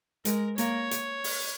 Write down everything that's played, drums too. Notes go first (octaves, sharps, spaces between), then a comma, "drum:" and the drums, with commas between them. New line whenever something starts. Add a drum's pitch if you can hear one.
G#3 A#4, drum: hi-hat
A#3 C#5, drum: hi-hat
drum: hi-hat
drum: open hi-hat